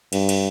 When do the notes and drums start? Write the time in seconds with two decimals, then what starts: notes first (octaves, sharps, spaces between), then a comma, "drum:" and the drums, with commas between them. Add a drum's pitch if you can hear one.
0.13 G2, drum: cymbal
0.29 drum: cymbal